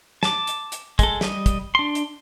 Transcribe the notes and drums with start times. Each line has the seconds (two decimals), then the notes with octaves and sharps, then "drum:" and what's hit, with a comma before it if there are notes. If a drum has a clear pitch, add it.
0.23 A5 D6, drum: snare
0.47 drum: hi-hat
0.72 drum: hi-hat
0.99 G#3 A4, drum: kick, hi-hat
1.21 G3 D#5, drum: snare
1.46 drum: kick, hi-hat
1.75 D4 C6
1.95 drum: hi-hat